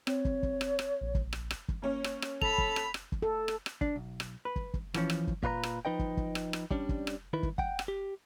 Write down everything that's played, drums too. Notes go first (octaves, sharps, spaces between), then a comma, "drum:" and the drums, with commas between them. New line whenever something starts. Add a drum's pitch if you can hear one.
C4 C#5, drum: rim click
drum: kick
drum: kick
drum: rim click
drum: rim click
A#1
drum: kick
drum: rim click
drum: rim click
drum: kick
A#3 C#4 C#5
drum: rim click
drum: rim click
A4 B5 F7, drum: kick
drum: kick
drum: rim click
drum: rim click
drum: kick
A4
drum: rim click
drum: rim click
D4, drum: kick
B1
drum: rim click
B4
drum: kick
drum: kick
E3 F3 C#4, drum: rim click
drum: rim click
drum: kick
A#2 F4 B4 C5 A#5, drum: kick
drum: rim click
F3 D#4 B4 D#5 G5
drum: kick
drum: kick
drum: rim click
drum: rim click
G3 C#4 D4, drum: kick
drum: kick
drum: rim click
D#3 E4 B4
drum: kick
F#5 G5, drum: kick
drum: rim click
G4